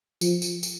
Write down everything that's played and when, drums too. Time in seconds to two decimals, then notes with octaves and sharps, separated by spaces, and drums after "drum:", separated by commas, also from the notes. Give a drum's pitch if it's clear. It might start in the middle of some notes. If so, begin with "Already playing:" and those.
0.21 F3, drum: tambourine
0.42 drum: tambourine
0.63 drum: tambourine